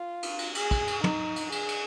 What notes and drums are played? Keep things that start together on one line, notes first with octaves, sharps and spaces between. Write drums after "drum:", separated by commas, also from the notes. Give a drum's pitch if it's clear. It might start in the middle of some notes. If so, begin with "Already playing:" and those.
Already playing: F4
drum: cymbal
drum: cymbal
G#4, drum: cymbal
drum: kick, cymbal
drum: cymbal
D#4, drum: tom
drum: cymbal
G#4, drum: cymbal
drum: cymbal